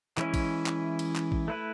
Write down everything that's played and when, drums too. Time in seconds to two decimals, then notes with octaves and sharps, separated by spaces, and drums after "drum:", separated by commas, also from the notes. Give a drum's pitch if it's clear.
0.17 E3 G#3 C#4 E4, drum: clap
0.34 drum: kick A#1, cymbal
0.66 drum: clap
0.99 drum: cymbal
1.16 drum: clap
1.32 drum: kick A#1
1.48 A3 E4 B4